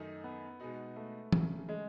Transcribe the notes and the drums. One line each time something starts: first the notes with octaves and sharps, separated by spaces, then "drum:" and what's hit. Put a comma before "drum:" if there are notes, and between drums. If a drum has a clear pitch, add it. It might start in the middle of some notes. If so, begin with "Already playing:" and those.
Already playing: F#2 D#3 A3 D#4
B3
B2 G#3 D#4 F#4
A3
C#3 F#3 C#4, drum: tom E3
G#3